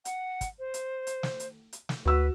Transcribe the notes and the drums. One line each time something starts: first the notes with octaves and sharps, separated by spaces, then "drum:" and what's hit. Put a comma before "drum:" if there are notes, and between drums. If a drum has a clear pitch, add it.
F#5, drum: hi-hat
drum: kick, hi-hat
C5
drum: hi-hat
drum: hi-hat
drum: snare
drum: hi-hat
drum: hi-hat
drum: snare
D2 F#4 B4 E6